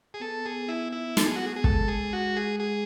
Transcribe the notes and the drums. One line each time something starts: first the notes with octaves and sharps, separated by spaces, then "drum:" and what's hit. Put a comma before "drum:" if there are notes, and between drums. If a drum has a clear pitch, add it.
G#4
B3 A4
G#4
E4
E4
A4, drum: snare
G#4
F#4
G#4
G#4
G#3 A4, drum: kick
G#4
F#4
G#4
G#4